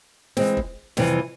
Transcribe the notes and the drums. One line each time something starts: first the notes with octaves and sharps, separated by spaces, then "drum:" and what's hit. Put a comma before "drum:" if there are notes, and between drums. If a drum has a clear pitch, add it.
E3 G#3 C4, drum: snare
drum: kick
F2 C3 E3 G3, drum: snare